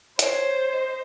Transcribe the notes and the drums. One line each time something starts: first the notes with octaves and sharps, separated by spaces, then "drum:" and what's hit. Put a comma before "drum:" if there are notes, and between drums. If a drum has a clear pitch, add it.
C5 C#5, drum: hi-hat
D#5